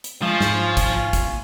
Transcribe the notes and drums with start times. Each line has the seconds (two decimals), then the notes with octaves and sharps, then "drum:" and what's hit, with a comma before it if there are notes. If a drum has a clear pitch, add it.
0.04 drum: hi-hat
0.22 F3 G#3 C#4 F4
0.41 G#2, drum: snare
0.77 drum: kick, hi-hat
1.13 drum: kick, hi-hat